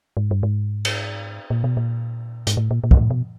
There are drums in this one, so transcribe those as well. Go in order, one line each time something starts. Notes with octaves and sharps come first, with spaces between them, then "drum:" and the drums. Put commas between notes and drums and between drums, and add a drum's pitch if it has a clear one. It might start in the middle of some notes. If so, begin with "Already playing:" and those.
G#2
G2
G#2
drum: cymbal
A#2
B2
A#2
G#2, drum: hi-hat
A2
A#2
A#2
G#2, drum: kick
A2
B2